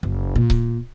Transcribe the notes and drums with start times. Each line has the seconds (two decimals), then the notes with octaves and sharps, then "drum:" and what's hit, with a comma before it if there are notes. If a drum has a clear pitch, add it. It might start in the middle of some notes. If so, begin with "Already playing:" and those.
0.03 F#1
0.36 A#2
0.50 drum: kick C#1